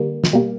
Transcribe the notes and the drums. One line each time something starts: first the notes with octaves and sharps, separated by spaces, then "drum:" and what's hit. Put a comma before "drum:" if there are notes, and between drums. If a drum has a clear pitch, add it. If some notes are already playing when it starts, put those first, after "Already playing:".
Already playing: D3 G3 A#3
drum: snare
B2 G3 A#3